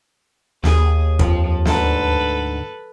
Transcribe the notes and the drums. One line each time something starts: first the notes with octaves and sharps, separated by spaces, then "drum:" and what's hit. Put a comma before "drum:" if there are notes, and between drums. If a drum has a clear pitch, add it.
D#2 G#4, drum: snare
F2 F3, drum: kick
D2 G#2 D3 A4 B4, drum: snare